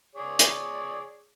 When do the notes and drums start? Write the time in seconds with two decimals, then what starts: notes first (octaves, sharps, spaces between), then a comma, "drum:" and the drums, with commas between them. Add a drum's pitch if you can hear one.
0.15 G#4 C#5 D5
0.39 drum: hi-hat